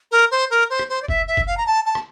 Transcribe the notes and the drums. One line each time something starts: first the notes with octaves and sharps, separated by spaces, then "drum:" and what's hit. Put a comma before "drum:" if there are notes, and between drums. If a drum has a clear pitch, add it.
A#4
C5
A#4
C5
drum: rim click
C5
D5
E5, drum: kick F#1
E5
drum: kick F#1
F5
A#5
A5
A5
drum: rim click